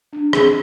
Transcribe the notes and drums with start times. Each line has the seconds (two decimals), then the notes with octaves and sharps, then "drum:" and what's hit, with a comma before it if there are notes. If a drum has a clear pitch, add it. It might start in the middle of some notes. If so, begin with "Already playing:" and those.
0.13 D4
0.33 C4 G#4, drum: rim click